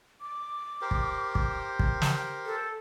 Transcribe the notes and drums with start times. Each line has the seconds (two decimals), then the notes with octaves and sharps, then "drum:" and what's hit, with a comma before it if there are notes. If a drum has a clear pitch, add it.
0.21 D6
0.81 G4 A#4 C5
0.91 drum: kick
1.35 drum: kick
1.79 drum: kick
2.02 drum: snare
2.46 A4